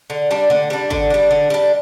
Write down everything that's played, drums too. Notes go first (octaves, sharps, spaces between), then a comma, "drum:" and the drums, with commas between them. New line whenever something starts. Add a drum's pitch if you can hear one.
D3
G3 D4
D3, drum: snare
G3 D4
D3, drum: kick G#1
G3 D4
D3
G3 D4